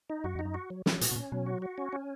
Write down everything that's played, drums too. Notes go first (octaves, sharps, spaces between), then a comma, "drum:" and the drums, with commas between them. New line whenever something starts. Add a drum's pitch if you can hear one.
D#4
F#2 F#4
F2 D#4
F#2
F#4
F#3
F#3, drum: snare
A#2 F#4, drum: hi-hat
B2
A#2 C#4
B2 F#3
F#4
F#4
C#4
C#4